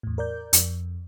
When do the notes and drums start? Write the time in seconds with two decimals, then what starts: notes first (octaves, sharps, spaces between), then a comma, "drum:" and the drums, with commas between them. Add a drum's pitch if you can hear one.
0.03 E2 A2
0.18 A#4 D5 G6
0.53 F2, drum: hi-hat